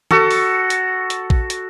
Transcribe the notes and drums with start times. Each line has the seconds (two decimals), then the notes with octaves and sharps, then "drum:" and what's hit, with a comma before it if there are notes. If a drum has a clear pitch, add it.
0.11 F#4 A4, drum: tom D#3
0.31 drum: open hi-hat
0.70 drum: hi-hat
1.10 drum: hi-hat
1.30 drum: kick A#1
1.50 drum: hi-hat